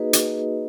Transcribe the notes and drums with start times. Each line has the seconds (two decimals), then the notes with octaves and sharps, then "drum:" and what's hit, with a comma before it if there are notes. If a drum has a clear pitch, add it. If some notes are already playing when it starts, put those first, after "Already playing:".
Already playing: A#3 D#4 F#4 G#4 B4 D#5
0.13 drum: hi-hat